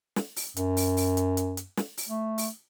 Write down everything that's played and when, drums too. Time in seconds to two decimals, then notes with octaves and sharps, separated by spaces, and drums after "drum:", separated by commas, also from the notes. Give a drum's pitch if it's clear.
0.16 drum: snare
0.36 drum: open hi-hat
0.57 F#2, drum: hi-hat
0.77 drum: open hi-hat
0.97 drum: open hi-hat
1.17 drum: hi-hat
1.37 drum: hi-hat
1.57 drum: hi-hat
1.77 drum: snare
1.97 drum: open hi-hat
2.09 A3
2.38 drum: open hi-hat